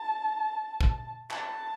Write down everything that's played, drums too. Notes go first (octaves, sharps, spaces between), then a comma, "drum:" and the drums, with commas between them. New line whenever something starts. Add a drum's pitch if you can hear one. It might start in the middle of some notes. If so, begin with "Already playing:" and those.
Already playing: A5
drum: kick
A5, drum: clap